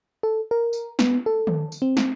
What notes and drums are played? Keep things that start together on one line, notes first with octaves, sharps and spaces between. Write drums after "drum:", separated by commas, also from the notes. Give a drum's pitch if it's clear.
A4
A#4
drum: tambourine
B3, drum: snare
A4
drum: tom
drum: tambourine
C4
drum: snare